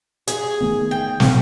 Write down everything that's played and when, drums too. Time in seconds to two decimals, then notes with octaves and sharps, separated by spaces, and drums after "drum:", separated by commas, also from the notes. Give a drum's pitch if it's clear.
0.28 G#4, drum: hi-hat
0.61 D#3 A3 B3
0.91 G5
1.20 A#2 F3 G3, drum: snare